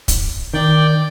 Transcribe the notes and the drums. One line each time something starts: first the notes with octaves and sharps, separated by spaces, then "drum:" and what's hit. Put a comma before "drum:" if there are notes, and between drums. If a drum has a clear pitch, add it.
drum: kick, hi-hat
D#3 D5 G5